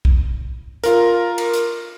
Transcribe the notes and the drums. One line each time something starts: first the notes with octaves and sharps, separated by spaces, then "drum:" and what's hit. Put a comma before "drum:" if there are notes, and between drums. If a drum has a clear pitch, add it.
drum: kick
F4 A#4, drum: hi-hat
drum: cymbal
drum: hi-hat